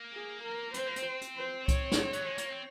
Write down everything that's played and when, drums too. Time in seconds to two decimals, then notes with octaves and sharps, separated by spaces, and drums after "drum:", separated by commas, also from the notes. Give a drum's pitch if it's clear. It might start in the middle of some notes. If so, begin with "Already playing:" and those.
Already playing: A#3
0.13 G#4
0.44 A#4
0.74 C4 C5, drum: hi-hat
0.86 A#3
0.96 C4, drum: hi-hat
1.21 drum: hi-hat
1.37 C5
1.68 C#5, drum: kick C2, hi-hat
1.92 drum: snare
2.13 F#3, drum: hi-hat
2.25 G#3
2.38 A#3, drum: hi-hat
2.49 C4